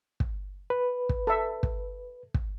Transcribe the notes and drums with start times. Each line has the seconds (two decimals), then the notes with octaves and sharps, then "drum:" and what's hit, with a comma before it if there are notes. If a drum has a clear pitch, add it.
0.20 drum: kick
0.70 B4
1.09 drum: kick
1.27 A4 E5
1.63 drum: kick
2.34 drum: kick